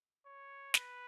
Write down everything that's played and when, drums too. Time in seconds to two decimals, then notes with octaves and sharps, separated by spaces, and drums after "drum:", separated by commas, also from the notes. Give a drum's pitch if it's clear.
0.26 C#5
0.74 B4, drum: snare